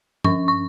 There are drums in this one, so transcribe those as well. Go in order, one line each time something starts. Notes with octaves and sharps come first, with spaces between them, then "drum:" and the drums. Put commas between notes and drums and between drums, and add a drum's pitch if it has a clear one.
F3 C#4 C#6, drum: tom G2
C#6